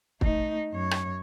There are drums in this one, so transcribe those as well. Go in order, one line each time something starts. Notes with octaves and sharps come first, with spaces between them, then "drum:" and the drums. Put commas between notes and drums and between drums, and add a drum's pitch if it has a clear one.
A3 D#4, drum: kick
F#2 C#5
drum: rim click